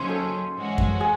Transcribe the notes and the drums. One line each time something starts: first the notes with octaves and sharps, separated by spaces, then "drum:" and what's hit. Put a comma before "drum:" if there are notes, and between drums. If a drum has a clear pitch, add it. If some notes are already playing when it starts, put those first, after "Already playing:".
Already playing: D#2 C#3 F#3 C#4 C5 D#5
A4
G#2 E3 G#3 C#4 F#4
drum: kick F#2
G#4